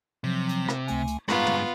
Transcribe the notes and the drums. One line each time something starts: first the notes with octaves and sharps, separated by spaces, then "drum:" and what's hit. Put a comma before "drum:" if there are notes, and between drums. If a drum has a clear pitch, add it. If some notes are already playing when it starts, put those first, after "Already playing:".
C3 F3 F#3
drum: hi-hat
drum: rim click
C#2 A3 G#5, drum: hi-hat
drum: hi-hat
G2 G#3 B3 F4 F5 A#5 C#6, drum: rim click
drum: tom